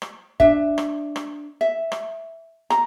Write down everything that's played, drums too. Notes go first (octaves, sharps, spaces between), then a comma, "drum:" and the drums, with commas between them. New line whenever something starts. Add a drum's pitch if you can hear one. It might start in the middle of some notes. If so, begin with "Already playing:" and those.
drum: rim click
D4 E5, drum: kick G1
drum: rim click
drum: rim click
E5
drum: rim click
A#5, drum: rim click